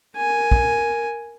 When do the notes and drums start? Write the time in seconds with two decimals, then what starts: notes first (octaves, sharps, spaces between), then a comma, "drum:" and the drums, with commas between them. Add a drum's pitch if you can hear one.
0.17 A#4 G#5
0.52 drum: kick